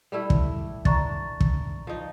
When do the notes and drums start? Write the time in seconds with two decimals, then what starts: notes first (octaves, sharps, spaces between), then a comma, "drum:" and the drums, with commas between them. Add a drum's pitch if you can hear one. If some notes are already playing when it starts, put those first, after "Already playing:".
0.12 G3 A3 E4
0.30 drum: kick
0.85 D4 A#5 C#6 A6, drum: kick
1.40 drum: kick
1.87 F3 D#4